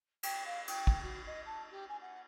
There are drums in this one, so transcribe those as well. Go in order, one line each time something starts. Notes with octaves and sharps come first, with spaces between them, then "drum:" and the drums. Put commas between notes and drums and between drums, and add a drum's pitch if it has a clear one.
G5, drum: cymbal
F5
G5, drum: cymbal
drum: kick
F#4
D#5
A5
G4
G#5
F#5